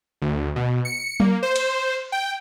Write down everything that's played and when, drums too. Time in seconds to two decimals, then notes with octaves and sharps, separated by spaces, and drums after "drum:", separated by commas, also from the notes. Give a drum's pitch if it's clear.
0.22 D2
0.56 B2
0.85 C#7
1.20 A#3, drum: tom F#3
1.43 C5
1.56 drum: cymbal
2.12 G5